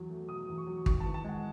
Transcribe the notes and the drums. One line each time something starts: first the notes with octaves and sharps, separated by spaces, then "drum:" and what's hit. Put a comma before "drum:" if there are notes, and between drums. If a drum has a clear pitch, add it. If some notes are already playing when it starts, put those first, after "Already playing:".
Already playing: E2 F#3
A3
B2 D#6
E2
C#6
F#3
G#1 C#6, drum: kick
A5
E3
A5
G#3 F#5